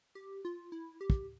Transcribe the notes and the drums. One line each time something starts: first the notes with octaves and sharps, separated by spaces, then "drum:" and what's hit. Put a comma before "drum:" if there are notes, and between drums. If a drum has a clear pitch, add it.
G4
F4
E4
G4
drum: kick